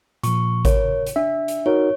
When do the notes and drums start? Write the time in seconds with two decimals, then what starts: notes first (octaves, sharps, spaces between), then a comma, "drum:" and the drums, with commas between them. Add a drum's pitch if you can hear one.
0.24 A#2 F3 C#6, drum: hi-hat
0.65 A#4 C#5, drum: kick G#1, hi-hat
1.07 drum: hi-hat
1.16 D4 E5
1.48 drum: hi-hat
1.66 D#4 F#4 A#4 C#5